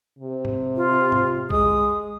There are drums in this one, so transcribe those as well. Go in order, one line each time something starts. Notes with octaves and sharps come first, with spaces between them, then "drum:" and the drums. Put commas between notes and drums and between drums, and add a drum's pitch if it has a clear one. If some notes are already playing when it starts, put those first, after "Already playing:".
C3
drum: tom G#2
F4
drum: tom G#2
G#3 D#6, drum: kick A#1